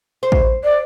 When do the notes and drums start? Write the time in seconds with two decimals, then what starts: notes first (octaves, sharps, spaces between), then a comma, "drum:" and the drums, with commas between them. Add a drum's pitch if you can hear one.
0.23 C5
0.32 drum: kick A1
0.64 D5